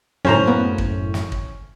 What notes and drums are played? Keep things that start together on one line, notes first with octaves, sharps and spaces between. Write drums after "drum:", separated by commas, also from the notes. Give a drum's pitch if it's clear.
F#2 A2 C#4 C5 A#5
A#3 B3
drum: kick
drum: snare
drum: kick